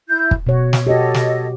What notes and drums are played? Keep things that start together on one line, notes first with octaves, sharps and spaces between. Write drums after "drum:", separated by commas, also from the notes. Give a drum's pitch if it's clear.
E4 G6
drum: kick
B2 F#4 C#5
drum: snare
F#4 G4 A4 C#5 D#5
drum: snare